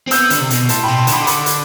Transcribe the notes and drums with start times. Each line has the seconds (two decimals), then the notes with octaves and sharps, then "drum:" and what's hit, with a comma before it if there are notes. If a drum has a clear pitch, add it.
0.07 C4
0.11 B3 E6 G6, drum: hi-hat
0.30 D3, drum: hi-hat
0.40 C3
0.50 B2, drum: hi-hat
0.69 A2 A5 C6, drum: hi-hat
0.83 B2 G5 B5
0.98 A5 C6
1.07 D3, drum: hi-hat
1.12 B5 D6
1.27 B5 D6, drum: hi-hat
1.46 drum: hi-hat